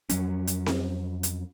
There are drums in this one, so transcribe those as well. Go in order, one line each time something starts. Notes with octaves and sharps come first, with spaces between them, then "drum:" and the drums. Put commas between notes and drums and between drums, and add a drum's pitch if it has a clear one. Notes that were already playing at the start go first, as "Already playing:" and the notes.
F2 F#3 C#4, drum: hi-hat
drum: hi-hat
drum: snare C4
drum: hi-hat